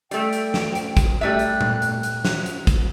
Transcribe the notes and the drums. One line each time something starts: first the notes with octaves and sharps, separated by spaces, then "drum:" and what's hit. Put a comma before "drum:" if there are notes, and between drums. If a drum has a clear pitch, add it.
G3 A3 G5, drum: hi-hat
drum: hi-hat
drum: snare
drum: hi-hat
drum: kick, hi-hat
G3 A3 E5 F#6
drum: hi-hat
drum: tom A#2
drum: hi-hat
drum: hi-hat
drum: snare
drum: hi-hat
drum: kick, hi-hat